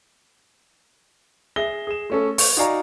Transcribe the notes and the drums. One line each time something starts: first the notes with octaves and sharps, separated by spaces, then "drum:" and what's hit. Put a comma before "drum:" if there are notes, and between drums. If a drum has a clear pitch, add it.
G#4 E5 A#6 G7
G#4 E7
A3 C#4 A4
C#6, drum: open hi-hat
D#4 F#4 D5 F5 G#5 A#5